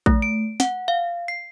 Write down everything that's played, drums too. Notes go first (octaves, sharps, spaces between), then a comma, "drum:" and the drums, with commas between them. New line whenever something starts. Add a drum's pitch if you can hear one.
A3, drum: kick A#1
D7
F#5, drum: snare
F5
C7